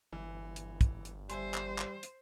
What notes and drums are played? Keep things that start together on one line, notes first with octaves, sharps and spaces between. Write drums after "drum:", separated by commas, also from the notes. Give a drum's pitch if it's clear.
G1 E3
drum: hi-hat
drum: kick, hi-hat
drum: hi-hat
G3 C5 E5 G#5 C6, drum: hi-hat
drum: clap
drum: clap
drum: hi-hat